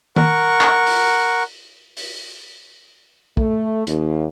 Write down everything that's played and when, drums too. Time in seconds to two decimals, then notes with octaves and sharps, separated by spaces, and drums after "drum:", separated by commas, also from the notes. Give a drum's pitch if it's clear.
0.16 A#4 F#5 C#6, drum: tom D#3
0.61 drum: clap
0.86 drum: open hi-hat
1.97 drum: open hi-hat
3.37 A3, drum: kick
3.87 D#2, drum: hi-hat